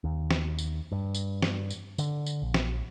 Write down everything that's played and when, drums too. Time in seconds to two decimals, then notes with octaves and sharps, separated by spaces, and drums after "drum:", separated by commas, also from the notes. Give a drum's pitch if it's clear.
0.04 D#2
0.31 drum: snare
0.59 drum: tambourine
0.92 G2
1.14 drum: tambourine
1.42 drum: snare
1.70 drum: tambourine
1.98 D3, drum: tambourine
2.26 drum: tambourine
2.42 A#1
2.54 drum: snare